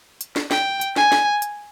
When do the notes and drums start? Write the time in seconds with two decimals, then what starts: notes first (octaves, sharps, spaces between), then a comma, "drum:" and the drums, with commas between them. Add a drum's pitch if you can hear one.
0.21 drum: hi-hat
0.36 drum: snare
0.51 G5, drum: snare
0.81 drum: hi-hat
0.96 G#5, drum: snare
1.12 drum: snare
1.42 drum: hi-hat